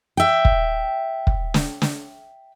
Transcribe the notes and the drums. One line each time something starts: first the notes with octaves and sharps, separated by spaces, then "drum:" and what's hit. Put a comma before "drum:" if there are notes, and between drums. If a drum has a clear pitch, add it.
E5 G5
drum: kick
drum: kick
drum: snare
drum: snare